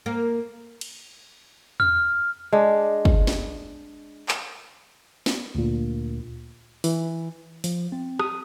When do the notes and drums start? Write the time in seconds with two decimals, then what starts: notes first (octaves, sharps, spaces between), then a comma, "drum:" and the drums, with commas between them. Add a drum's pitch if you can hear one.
0.06 A#3
0.81 drum: cymbal
1.80 F6, drum: tom E2
2.52 G#3 D4
3.05 drum: kick
3.27 drum: snare
4.29 drum: clap
5.26 drum: snare
5.55 D2 A#2
6.84 E3, drum: open hi-hat
7.64 F3, drum: open hi-hat
7.92 C4
8.19 D#6, drum: rim click